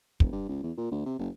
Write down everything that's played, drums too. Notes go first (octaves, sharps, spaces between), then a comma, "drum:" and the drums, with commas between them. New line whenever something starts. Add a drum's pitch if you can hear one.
E1, drum: kick
G2
C#2
E2
A#2
D2
C3
F#1